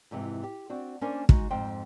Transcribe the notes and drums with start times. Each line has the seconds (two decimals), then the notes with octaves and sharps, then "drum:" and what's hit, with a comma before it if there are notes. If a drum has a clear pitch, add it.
0.11 F2 G#2 C3 E3
0.43 G4
0.70 C4 D4 F#4
1.01 A#3 C#4 D4 A#4 C5 G#5
1.29 G#3 D#4 F#4, drum: kick
1.50 F2 G#2 C5 G5